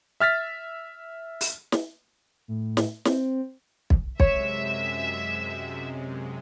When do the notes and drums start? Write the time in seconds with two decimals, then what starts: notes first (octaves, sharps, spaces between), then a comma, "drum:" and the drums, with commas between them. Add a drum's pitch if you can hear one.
0.20 E5 F6 A6 B6
1.41 drum: open hi-hat
1.72 drum: snare
2.48 A2
2.77 drum: snare
3.05 C4, drum: snare
3.90 drum: kick
4.20 F#2 C3 G#3 C#5 E5, drum: kick